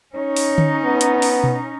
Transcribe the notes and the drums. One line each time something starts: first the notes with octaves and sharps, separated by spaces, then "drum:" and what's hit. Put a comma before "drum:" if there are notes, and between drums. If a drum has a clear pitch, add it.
C#4 D#4 C#5
drum: open hi-hat
drum: tom D3
B3
drum: hi-hat
drum: open hi-hat
drum: tom B2